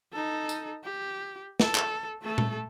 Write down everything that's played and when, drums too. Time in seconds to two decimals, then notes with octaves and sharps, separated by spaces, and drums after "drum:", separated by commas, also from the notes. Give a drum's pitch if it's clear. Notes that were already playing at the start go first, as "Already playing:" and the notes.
0.13 D#4 A4
0.49 drum: tambourine
0.84 G4
1.60 A4, drum: snare
1.75 drum: clap
2.22 A3 A4
2.38 drum: tom A#2